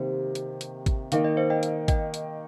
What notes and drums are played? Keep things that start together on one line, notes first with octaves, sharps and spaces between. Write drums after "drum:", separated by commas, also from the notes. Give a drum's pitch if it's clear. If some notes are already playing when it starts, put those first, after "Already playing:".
Already playing: C3 D#3 A#3 G4 C5
drum: hi-hat
drum: hi-hat
drum: kick, hi-hat
D#3 A#3 D#4 F5, drum: hi-hat
D#5
C5 F5
D#5 G5
drum: hi-hat
D#5 G5, drum: kick, hi-hat
drum: hi-hat